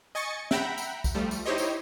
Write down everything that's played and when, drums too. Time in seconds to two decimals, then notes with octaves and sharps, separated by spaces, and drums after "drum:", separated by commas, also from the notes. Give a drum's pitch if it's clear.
0.15 D#5 G#5 C#6 A6 C#7
0.51 E5 F#5 G5 A#5 B5, drum: snare
0.78 drum: tambourine
1.04 drum: kick C2, tambourine
1.15 F3 G3 A3
1.31 drum: tambourine
1.46 D#4 E4 G4 C5 C#5 D#5
1.58 drum: tambourine